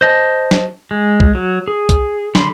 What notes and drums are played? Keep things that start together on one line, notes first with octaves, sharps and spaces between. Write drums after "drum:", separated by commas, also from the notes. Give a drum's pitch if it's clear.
C5 D#5 A5
drum: snare
G#3
drum: kick
F#3
G#4
drum: kick, hi-hat
D3 B5 C6, drum: snare